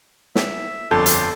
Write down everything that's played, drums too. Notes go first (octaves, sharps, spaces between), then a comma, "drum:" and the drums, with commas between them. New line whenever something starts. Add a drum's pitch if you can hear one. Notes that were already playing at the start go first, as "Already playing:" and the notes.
E5, drum: snare
G1 F2 D4 A4 A5 C6 G6
drum: hi-hat